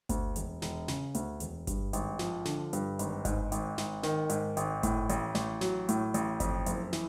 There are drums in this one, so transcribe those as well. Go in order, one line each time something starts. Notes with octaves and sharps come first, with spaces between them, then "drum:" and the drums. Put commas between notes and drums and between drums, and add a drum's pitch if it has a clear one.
D2, drum: kick G1, hi-hat
E1, drum: hi-hat
E1, drum: snare
C#3, drum: snare
D2, drum: hi-hat
E1, drum: hi-hat
G2, drum: kick G1, hi-hat
G#1, drum: hi-hat
F3, drum: snare
D3, drum: snare
G2, drum: hi-hat
G#1, drum: hi-hat
G#2, drum: kick G1, hi-hat
G#1, drum: hi-hat
G#1, drum: snare
D#3, drum: snare
G#2, drum: hi-hat
G#1, drum: hi-hat
A2, drum: kick G1, hi-hat
A1, drum: hi-hat
A1, drum: snare
F#3, drum: snare
A2, drum: hi-hat
A1, drum: hi-hat
F2, drum: kick G1, hi-hat
F#1, drum: hi-hat
E3, drum: snare